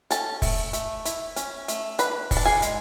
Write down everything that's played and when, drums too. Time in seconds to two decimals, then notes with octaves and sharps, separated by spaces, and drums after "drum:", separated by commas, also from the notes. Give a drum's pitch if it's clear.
0.11 C#4 A4 A5, drum: hi-hat
0.42 A3, drum: kick, open hi-hat
0.73 A3, drum: hi-hat
1.05 E4, drum: hi-hat
1.36 C#4, drum: hi-hat
1.68 A3, drum: hi-hat
1.98 D4 B4 B5, drum: hi-hat
2.31 D4, drum: kick, open hi-hat
2.37 A5
2.45 G#4 G#5
2.62 G#3, drum: hi-hat